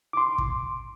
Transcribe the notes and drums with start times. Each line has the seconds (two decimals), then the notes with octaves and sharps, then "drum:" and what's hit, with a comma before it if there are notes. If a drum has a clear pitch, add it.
0.13 C6 D6
0.38 drum: kick